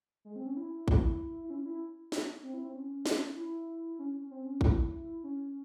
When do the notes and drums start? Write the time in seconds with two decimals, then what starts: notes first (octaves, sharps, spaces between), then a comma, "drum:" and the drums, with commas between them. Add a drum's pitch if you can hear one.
0.25 G#3
0.36 C4
0.46 C#4
0.57 E4
0.88 drum: kick A1
1.44 E4
1.50 C#4
1.66 E4
2.12 drum: snare
2.43 C4
2.54 E4
2.64 C4
2.75 C#4
3.06 drum: snare
3.36 E4
3.99 C#4
4.14 C#4
4.31 C4
4.46 C#4
4.61 E4, drum: kick A1
5.23 C#4